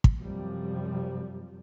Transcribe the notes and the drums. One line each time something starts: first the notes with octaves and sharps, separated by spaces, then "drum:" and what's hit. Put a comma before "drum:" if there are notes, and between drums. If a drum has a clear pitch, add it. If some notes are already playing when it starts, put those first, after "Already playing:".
drum: kick
F#2 C3 F3 G3